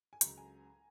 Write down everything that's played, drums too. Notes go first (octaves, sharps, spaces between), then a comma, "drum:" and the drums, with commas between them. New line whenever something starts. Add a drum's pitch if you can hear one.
G#5
C#2 C#3 F#3 A#5, drum: hi-hat
G#5